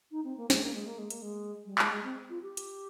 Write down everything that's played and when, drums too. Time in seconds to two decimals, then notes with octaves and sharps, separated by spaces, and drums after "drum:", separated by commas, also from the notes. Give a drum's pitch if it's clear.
0.11 D#4
0.24 C4
0.37 A#3
0.50 G#3, drum: snare
0.62 A#3
0.74 G#3
0.86 A#3
0.98 G#3
1.10 A#3, drum: hi-hat
1.22 G#3
1.66 G3
1.79 G#3, drum: clap
1.91 G#3
2.04 C4
2.30 F4
2.42 G4
2.57 drum: hi-hat